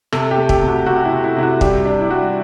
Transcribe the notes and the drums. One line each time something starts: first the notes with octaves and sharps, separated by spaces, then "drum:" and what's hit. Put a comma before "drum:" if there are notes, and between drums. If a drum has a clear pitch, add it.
C3 A4, drum: rim click
G4
A3
G4, drum: kick
C3
F#4
C3 F#4
E4
C3
E4
C3 E4
F#4
G3 G4, drum: kick
D4
E4
G3 F#4